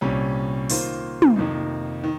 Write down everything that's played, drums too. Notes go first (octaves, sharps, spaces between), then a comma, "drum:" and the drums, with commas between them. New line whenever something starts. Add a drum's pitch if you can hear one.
C2 A#2 G3 C#4
D#3 A#3 F4 C5, drum: open hi-hat
drum: tom
F2 C3 D#3 A#3 D#4
D#3